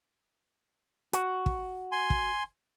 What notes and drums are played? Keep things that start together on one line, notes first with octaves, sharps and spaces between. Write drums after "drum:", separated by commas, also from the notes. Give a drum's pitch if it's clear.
F#4, drum: hi-hat
drum: kick
G#5 C6
drum: kick